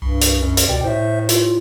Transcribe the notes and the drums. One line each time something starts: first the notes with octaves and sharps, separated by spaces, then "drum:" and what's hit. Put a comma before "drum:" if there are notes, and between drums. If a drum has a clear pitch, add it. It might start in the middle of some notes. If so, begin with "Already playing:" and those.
C2 G2
drum: hi-hat
F#2
drum: hi-hat
C#2 B2 D5 G5
A2 C5 E5
F4, drum: hi-hat